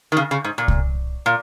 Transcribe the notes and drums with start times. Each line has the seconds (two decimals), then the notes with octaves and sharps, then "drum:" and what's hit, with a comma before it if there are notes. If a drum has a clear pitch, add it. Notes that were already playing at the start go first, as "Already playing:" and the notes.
0.12 D#3
0.17 C#3
0.31 C#3
0.44 G#2
0.58 A#2
0.68 drum: kick C2
1.26 A#2